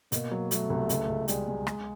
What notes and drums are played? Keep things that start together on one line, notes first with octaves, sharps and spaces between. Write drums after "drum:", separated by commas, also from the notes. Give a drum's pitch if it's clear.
B2 A#3, drum: hi-hat
F#3
F#3 A3, drum: hi-hat
C2
C#2, drum: hi-hat
C#2
G3 G#3, drum: hi-hat
G#3
G#3, drum: rim click